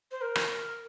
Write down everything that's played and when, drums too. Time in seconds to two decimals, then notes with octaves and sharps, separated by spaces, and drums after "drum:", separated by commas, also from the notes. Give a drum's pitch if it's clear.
0.11 C5
0.21 A#4
0.35 drum: rim click